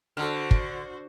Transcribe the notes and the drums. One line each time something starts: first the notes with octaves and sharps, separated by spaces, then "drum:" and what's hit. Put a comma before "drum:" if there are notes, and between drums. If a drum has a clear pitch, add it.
D3 F#4 A4 C5 F6
drum: kick